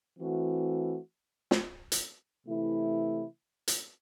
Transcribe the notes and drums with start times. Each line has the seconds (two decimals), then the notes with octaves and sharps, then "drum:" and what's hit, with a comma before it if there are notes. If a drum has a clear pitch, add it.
0.18 E3 A3 C4 F#4
1.51 drum: snare
1.92 drum: hi-hat
2.46 C3 E3 A3 E4
3.68 drum: hi-hat